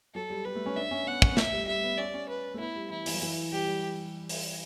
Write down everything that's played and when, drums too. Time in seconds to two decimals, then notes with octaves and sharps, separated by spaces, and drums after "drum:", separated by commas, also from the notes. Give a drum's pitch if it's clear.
0.14 F#3 A4
0.30 G3
0.45 G3 B4
0.55 A3
0.66 C#4
0.76 D4 E5
0.91 C#4
1.07 B3 F#5
1.22 C#4, drum: kick
1.30 B3
1.37 A3 E5, drum: snare
1.53 G3
1.68 G3 E5
1.83 B3
1.98 C#4 D5
2.14 C#4
2.29 B4
2.54 A3
2.59 B3 E4
2.75 G3
2.90 E3 E4
3.06 E3, drum: open hi-hat
3.14 F#3
3.22 E3
3.52 G3 G4
3.67 G3
4.29 drum: open hi-hat